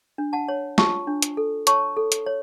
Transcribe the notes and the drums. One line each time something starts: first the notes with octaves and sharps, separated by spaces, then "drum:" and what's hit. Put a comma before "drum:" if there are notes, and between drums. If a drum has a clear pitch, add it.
D4
F#5 A5
C#5
F4 A5 C#6, drum: snare
D4
drum: hi-hat
A4
C#5 A5 C#6, drum: hi-hat
A4
drum: hi-hat
C#5